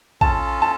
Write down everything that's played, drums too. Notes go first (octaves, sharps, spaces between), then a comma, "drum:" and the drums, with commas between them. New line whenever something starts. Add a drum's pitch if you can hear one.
C#4 F4 A4 A5, drum: kick
A5